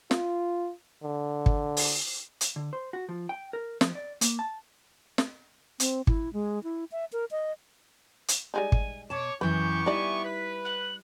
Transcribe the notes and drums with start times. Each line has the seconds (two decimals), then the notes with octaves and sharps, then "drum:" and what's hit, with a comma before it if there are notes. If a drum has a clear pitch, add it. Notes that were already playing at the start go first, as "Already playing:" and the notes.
0.11 F4, drum: snare
1.03 D3
1.46 drum: kick
1.77 drum: open hi-hat
2.41 drum: hi-hat
2.56 D3
2.73 C5
2.93 F#4
3.09 F3
3.29 G5
3.53 A#4
3.81 F3, drum: snare
3.95 D5
4.21 A#3, drum: hi-hat
4.39 A5
5.18 drum: snare
5.80 C4, drum: hi-hat
6.07 E4, drum: kick
6.33 G#3
6.64 E4
6.92 E5
7.13 A#4
7.31 D#5
8.28 drum: hi-hat
8.54 G3 G#3 D#4 G#5
8.72 drum: kick
9.10 B2 C#5 A5 D6
9.41 F#2 E3 B3 G4 B4 C#6 G6
9.86 G3 D#4 E4 D5 E5 G#5
10.23 B4 B6
10.64 F#6